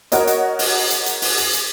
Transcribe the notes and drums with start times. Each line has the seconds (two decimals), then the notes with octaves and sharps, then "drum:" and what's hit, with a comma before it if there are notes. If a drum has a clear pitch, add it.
0.12 F#4 A#4 C#5 D#5, drum: hi-hat
0.27 drum: hi-hat
0.59 drum: open hi-hat
0.90 drum: hi-hat
1.06 drum: hi-hat
1.22 drum: open hi-hat
1.37 drum: hi-hat
1.53 drum: hi-hat